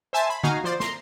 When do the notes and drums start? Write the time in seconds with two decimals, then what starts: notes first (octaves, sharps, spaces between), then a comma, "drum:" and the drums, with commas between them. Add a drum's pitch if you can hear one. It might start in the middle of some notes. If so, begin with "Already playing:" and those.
0.13 C5 E5 G#5 A5
0.30 B5
0.43 D#4 F#4 F5 G#5 A#5, drum: tom D3
0.64 F3 C5 D5
0.80 A#5 C6, drum: snare